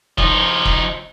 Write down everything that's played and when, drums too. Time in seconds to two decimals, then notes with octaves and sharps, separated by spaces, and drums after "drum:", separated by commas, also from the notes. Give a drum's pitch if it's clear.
0.18 F3 D#4, drum: kick
0.65 drum: kick